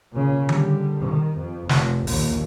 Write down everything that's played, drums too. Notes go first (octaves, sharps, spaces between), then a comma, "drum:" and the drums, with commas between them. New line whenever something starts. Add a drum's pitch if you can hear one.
A#2 C#3
D3 G3, drum: tom D#3
D#3
F2
F1, drum: snare
A#1 D#2, drum: open hi-hat